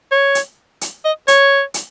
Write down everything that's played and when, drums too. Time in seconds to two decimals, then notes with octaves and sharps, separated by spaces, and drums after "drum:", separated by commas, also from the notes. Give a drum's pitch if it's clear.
0.12 C#5
0.35 drum: hi-hat
0.81 drum: hi-hat
1.05 D#5
1.28 C#5, drum: hi-hat
1.74 drum: hi-hat